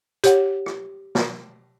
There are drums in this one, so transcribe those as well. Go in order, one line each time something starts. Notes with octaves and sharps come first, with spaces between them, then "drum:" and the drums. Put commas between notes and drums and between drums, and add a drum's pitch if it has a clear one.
G4 C#5 F#5, drum: hi-hat
drum: rim click
drum: snare